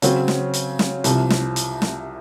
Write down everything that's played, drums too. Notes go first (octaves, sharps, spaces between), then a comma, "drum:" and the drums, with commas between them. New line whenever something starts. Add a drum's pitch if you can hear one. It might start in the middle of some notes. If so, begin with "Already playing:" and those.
C#3 F#3 C4, drum: hi-hat
drum: snare
drum: hi-hat
drum: snare
C2 C3 F3, drum: hi-hat
drum: snare
drum: hi-hat
drum: snare